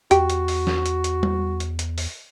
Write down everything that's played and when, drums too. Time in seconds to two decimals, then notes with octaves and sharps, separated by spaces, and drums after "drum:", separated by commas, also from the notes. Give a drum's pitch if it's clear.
0.11 E2 F#4 G4, drum: hi-hat
0.30 drum: hi-hat
0.48 drum: open hi-hat
0.67 drum: snare
0.86 drum: hi-hat
1.04 drum: hi-hat
1.23 drum: tom G3
1.60 drum: hi-hat
1.79 drum: hi-hat
1.98 drum: open hi-hat